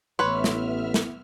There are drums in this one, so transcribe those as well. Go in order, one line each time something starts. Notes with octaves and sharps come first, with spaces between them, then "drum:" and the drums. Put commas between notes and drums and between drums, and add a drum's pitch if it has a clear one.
A1 B3 B4 C#5 E5 C6 F6
drum: snare
drum: snare